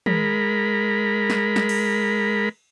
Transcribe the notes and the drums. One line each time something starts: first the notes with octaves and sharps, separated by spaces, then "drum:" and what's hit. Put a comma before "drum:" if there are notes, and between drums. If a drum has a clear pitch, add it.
G#3 A#4 B5, drum: tom
drum: snare
drum: snare
drum: cymbal